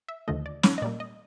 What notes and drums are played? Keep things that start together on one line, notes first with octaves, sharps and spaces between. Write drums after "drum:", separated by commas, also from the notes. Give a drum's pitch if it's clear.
E5
D#2 D3 F3 A3 D#5
D5
C#5, drum: snare
D#5
A#2 G3 A#3 D5
D#5